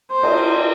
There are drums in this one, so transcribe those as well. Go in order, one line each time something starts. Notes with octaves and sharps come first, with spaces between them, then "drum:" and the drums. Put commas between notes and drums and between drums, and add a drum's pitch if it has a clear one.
C5
drum: cymbal